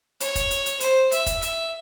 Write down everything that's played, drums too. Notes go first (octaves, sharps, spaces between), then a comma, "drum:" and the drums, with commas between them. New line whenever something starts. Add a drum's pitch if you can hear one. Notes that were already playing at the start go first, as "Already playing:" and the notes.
C#5, drum: hi-hat
drum: kick, hi-hat
drum: hi-hat
drum: hi-hat
C5, drum: hi-hat
E5, drum: hi-hat
drum: kick, hi-hat
E5, drum: hi-hat